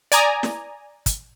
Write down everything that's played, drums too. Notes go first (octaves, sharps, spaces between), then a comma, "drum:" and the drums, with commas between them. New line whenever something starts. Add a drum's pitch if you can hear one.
D5 G#5 A#5 D#6, drum: hi-hat
drum: snare
drum: kick, hi-hat